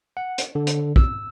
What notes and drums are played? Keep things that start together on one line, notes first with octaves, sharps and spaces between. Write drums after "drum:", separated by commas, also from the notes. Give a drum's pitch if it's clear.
F#5
drum: hi-hat
D3
drum: hi-hat
E6, drum: kick